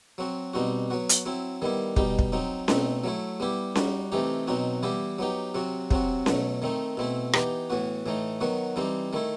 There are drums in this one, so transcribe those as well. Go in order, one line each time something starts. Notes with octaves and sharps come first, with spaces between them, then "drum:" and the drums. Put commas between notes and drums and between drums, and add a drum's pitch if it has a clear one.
F#3 C4 F#4
B2 G3 C4 D#4 F#4
F#3 B3 F#4
drum: hi-hat
F#3 C4 E4
D#3 G3 B3 E4
B2 G3 D#4 G4, drum: kick
drum: kick
F#3 C4 D#4
B2 A3 C4 D#4, drum: snare C#4
F#3 A3 E4
G3 B3 E4 G4
G3 D#4 F#4, drum: snare C#4
C3 E3 A3 D#4 G4
B2 F#3 C4 D#4 F#4
E3 G3 B3 E4 G4
F#3 B3 D#4 G4
C3 F#3 C4 F#4
C3 F#3 C4 F#4, drum: kick
B2 F#3 A3, drum: snare C#4
D#3 A3 C4 D#4
B2 A3 C4 E4
E3 B3 D#4 G4, drum: rim click
A2 E3 B3 F#4
A2 E3 A3 D#4
D#3 F#3 B3 F#4
E3 G3 C4 D#4
D#3 A3 E4